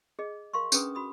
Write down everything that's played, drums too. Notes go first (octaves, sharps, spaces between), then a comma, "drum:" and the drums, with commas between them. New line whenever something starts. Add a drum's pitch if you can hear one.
G#4 D#5
A#4 F5 C6 C#6
C#4 D4 G#4 B4 A#5 D#6, drum: tambourine
F#4 B5 D#6